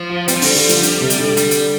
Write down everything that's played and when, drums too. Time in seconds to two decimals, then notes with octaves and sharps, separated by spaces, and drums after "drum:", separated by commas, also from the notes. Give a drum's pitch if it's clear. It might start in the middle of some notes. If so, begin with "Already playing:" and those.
Already playing: F3
0.09 F4
0.28 G3 C4, drum: hi-hat
0.36 F3
0.42 D3 G3, drum: open hi-hat
0.55 D3, drum: open hi-hat
0.69 F3, drum: hi-hat
0.83 D3, drum: hi-hat
1.01 C3
1.10 drum: hi-hat
1.19 D3
1.37 G3, drum: hi-hat
1.51 drum: hi-hat